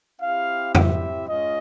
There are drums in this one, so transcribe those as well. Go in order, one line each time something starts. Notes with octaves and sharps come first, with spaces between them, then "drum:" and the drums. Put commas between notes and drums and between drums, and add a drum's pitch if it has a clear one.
C4 E4 G4 F5
E5, drum: tom F2
G#3 C#4 F4 D#5